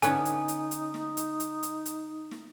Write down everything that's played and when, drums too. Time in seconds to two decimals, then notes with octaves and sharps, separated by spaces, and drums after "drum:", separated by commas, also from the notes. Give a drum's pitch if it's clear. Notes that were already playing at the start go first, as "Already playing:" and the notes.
0.02 D3 B3 C#4 D#4 G#5, drum: hi-hat
0.25 drum: hi-hat
0.48 drum: hi-hat
0.71 drum: hi-hat
0.94 drum: snare
1.17 drum: hi-hat
1.40 drum: hi-hat
1.63 drum: hi-hat
1.86 drum: hi-hat
2.31 drum: snare